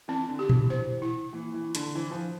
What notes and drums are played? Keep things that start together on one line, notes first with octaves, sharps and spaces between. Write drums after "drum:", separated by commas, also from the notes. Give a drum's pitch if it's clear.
E3 C4
D3
G4
E3, drum: tom A#2
C5
E4
E3 A#3
E3
E4
D3, drum: hi-hat
E3 C5
F3